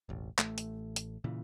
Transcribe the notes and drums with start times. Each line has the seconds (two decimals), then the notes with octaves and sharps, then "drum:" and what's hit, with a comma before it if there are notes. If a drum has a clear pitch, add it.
0.09 E1 A1
0.38 A1 A3, drum: clap
0.58 drum: hi-hat
0.96 drum: hi-hat
1.24 A#2 C#3 E3